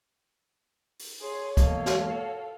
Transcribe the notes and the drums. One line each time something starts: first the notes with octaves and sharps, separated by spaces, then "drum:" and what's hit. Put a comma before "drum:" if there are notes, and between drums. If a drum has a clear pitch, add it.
drum: open hi-hat
G#4 C#5 C6
E2 A#3 A4 D#5 F5, drum: kick, hi-hat
drum: snare
F#4